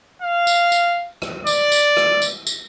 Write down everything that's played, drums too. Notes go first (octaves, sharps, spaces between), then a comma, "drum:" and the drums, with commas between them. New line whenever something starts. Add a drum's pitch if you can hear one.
F5
drum: tambourine
drum: tambourine
drum: rim click
D5, drum: tambourine
drum: tambourine
drum: rim click
drum: tambourine
drum: tambourine